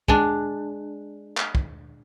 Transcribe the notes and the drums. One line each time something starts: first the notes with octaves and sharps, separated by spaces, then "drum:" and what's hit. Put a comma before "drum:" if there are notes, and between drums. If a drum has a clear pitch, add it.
G#3 D4, drum: kick
drum: clap
drum: kick